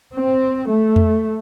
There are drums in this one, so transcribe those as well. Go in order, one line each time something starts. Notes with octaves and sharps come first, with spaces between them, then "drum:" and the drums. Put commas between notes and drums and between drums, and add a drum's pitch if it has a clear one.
C4
A3
drum: tom E2